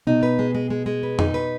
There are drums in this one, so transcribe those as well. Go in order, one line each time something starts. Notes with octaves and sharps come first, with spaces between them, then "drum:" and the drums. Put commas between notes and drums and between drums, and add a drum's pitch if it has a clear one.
B2 D#4
B4
G#3
G#3
G#3
G#3
B4
D#4, drum: tom F2
B4